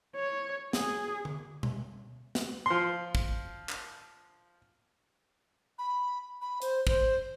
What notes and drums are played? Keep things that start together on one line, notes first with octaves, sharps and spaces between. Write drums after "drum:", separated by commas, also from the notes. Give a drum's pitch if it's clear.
C#5
G#4, drum: snare
drum: tom D3
drum: tom B2
drum: snare
F3 C6
drum: kick
drum: clap
B5
B5
C5, drum: hi-hat
C5, drum: kick